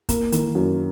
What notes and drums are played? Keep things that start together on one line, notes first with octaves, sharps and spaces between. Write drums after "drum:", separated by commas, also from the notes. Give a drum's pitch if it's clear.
A#3, drum: kick, hi-hat
D#3, drum: hi-hat
F#2